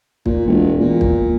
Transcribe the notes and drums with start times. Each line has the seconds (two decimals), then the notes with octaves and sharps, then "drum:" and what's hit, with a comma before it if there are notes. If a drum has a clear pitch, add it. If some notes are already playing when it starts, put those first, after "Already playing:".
0.26 A#2, drum: kick
0.47 E1
0.80 A#2
1.01 drum: kick